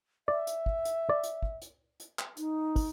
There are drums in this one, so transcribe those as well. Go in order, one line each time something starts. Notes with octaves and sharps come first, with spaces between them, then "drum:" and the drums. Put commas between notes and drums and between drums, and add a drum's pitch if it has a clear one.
D5 E5
drum: hi-hat
drum: kick
drum: hi-hat
D5
drum: hi-hat
drum: kick
drum: hi-hat
drum: hi-hat
drum: clap
D#4, drum: hi-hat
drum: kick, open hi-hat